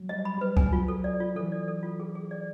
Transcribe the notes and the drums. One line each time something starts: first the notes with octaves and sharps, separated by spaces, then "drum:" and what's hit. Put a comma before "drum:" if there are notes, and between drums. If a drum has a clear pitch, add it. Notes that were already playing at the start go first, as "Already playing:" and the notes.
Already playing: F#3
G3 D#5
B5
G3 B4
G#5, drum: kick C2
F#3 F4
A4
D5
F4
E3 A4
D5
A4
F4
G#4
G#4
D5